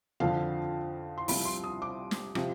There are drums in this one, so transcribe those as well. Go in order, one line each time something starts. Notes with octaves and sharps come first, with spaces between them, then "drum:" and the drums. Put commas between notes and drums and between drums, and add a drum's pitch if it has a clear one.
F2 D3 F3 F5
C6
C2 C3 F3 B5, drum: open hi-hat
C6
D#6
D6
drum: snare
C3 F3, drum: rim click